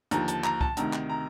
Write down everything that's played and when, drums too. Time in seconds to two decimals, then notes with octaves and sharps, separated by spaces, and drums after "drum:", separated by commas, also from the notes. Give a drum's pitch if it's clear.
0.11 D#2 D3 F3 A#5, drum: hi-hat
0.28 A5, drum: hi-hat
0.44 A#5, drum: clap
0.61 A5, drum: kick C2
0.77 D2 C3 D#3 A#5, drum: hi-hat
0.93 drum: clap
1.10 A#5